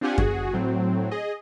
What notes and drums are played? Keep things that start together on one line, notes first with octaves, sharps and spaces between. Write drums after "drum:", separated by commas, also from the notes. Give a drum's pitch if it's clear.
C4 D4 F4 G4 F#5 G#5
G1 F#4 G#4, drum: kick F#2
A2 F#3 C4
G#4 D#5